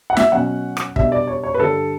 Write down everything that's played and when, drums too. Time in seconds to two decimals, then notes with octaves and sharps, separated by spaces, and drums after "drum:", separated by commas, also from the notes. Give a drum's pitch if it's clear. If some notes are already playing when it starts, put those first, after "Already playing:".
0.10 F#5
0.17 E5, drum: snare
0.32 B2 F#3 C#4 F#5
0.77 drum: rim click
0.96 B2 G3 D4 E5, drum: kick
1.12 D5
1.28 C#5
1.44 C#5
1.54 B4
1.59 G2 D3 G3 D4 A4